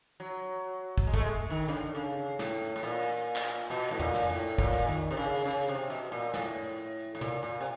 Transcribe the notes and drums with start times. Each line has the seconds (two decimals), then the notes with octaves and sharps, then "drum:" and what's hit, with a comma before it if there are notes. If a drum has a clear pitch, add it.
0.20 F#3
0.98 drum: kick
1.07 G#3
1.14 A3, drum: kick
1.20 G#3
1.50 D#3
1.68 C#3
1.72 D3
1.95 C#3
2.39 A2, drum: snare
2.76 A2
2.83 A#2
3.36 drum: clap
3.70 B2
3.91 A2
3.99 A#2, drum: tom
4.14 drum: snare
4.29 A2, drum: open hi-hat
4.58 A#2, drum: kick
4.73 drum: tom
4.87 D#3
5.11 C3
5.17 C#3
5.35 drum: cymbal
5.46 C#3
5.68 C3
5.90 B2
6.12 A#2
6.34 A2, drum: snare
7.15 A2
7.21 A#2, drum: tom
7.43 A#2
7.61 C3